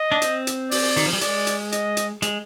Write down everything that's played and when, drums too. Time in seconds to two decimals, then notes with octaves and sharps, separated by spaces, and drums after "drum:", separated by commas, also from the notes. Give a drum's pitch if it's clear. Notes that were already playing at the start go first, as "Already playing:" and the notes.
Already playing: D#5
0.12 D4
0.22 C4, drum: hi-hat
0.47 drum: hi-hat
0.71 D5, drum: open hi-hat
0.97 D#3, drum: open hi-hat
1.06 F3
1.13 G3
1.21 G#3 D5, drum: hi-hat
1.47 drum: hi-hat
1.72 D#5, drum: hi-hat
1.97 drum: hi-hat
2.22 G#3, drum: hi-hat